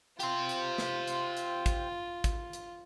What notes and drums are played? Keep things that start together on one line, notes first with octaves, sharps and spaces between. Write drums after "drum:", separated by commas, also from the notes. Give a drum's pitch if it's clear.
F4 G4 C5, drum: hi-hat
drum: hi-hat
drum: snare
drum: hi-hat
drum: hi-hat
drum: kick, hi-hat
drum: kick, hi-hat
drum: hi-hat